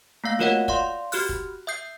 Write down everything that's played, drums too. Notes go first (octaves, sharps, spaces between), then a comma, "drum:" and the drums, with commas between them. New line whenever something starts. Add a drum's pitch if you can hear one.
A3 A#3 F5 A#6
F4 F#4 A#4 C#5 D#5 F#5, drum: snare
D5 F5 C6, drum: kick
F#4 G4 F6 F#6, drum: open hi-hat
drum: kick
E5 D#6 G6 C7